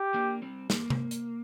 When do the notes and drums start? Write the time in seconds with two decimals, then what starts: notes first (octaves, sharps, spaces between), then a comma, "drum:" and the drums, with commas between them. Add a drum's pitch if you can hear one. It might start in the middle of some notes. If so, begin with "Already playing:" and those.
Already playing: G4
0.14 A#3 D4
0.42 G3 C4
0.70 A#3, drum: snare
0.90 drum: tom C3
1.11 drum: hi-hat